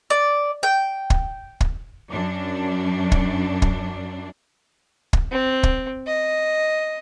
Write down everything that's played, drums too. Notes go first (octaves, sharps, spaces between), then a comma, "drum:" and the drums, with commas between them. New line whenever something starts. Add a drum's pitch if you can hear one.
D5
G5
drum: kick
drum: kick
F#2 D4
drum: kick
drum: kick
drum: kick
C4
drum: kick
D#5